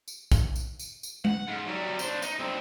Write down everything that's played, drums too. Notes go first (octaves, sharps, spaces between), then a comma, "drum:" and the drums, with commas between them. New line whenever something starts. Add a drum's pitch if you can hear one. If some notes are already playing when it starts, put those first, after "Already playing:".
drum: tambourine
drum: kick A#1, tambourine
drum: tambourine
drum: tambourine
drum: tambourine
F#5, drum: tom G#3
G#2
F#3 G3
D4 C5, drum: tambourine
D#4, drum: tambourine
D2 C4